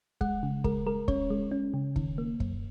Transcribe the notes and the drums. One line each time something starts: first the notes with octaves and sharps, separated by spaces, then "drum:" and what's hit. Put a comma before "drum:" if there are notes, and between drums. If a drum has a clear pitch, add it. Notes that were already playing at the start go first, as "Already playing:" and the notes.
G#3 F#5, drum: kick
C#3
G#3 A#4, drum: kick
G#3 A#4
C#4 C#5, drum: kick
G#3
C#4
C#3
D#3, drum: kick
A#3
F#2, drum: kick